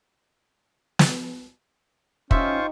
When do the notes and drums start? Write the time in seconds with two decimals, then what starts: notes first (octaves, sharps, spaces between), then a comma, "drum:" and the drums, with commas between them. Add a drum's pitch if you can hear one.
0.99 drum: snare
2.31 C#4 D#4 F4 G4 C5 E5 C6 C#6, drum: kick